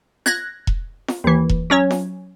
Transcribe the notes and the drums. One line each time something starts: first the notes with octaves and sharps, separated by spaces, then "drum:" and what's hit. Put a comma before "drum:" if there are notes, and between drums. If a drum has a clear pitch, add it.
F#6 G#6 A#6, drum: snare F4
drum: kick E1
drum: snare F4
D#2 E3
drum: kick E1
F#3 C#4 C#5
drum: snare F4